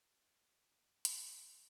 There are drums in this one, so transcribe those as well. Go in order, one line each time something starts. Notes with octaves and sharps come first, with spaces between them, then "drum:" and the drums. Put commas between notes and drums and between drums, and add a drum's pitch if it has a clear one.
A#3 C#5 D#5
F4 C5 F#6
drum: hi-hat
G2 D#3 G#3 C#4